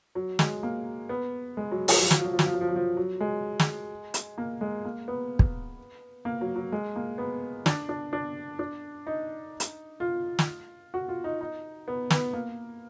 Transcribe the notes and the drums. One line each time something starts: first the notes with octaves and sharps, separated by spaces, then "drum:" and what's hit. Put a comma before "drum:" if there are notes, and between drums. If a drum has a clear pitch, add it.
F#3
G#3, drum: snare
A#3
B3
G#3
F#3
F3, drum: open hi-hat
F3
F#3, drum: snare
F3
F#3
F3
F#3, drum: snare
F3
F#3
F3
F#3
F3
F#3
G#3
drum: snare
drum: hi-hat
A#3
G#3
A#3
B3
drum: kick
A#3
F#3
F#3
G#3
A#3
B3
D4, drum: snare
D4
D4
D4
D#4
drum: hi-hat
F4
drum: snare
F#4
F4
D#4
D#4
B3
B3, drum: snare
A#3